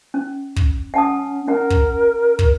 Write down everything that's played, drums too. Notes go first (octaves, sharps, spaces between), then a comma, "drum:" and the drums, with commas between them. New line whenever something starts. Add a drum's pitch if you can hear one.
C#4
drum: kick
C#4 F#5 A5 D#6
C#4 A#4 F#5 A#5
drum: kick
drum: kick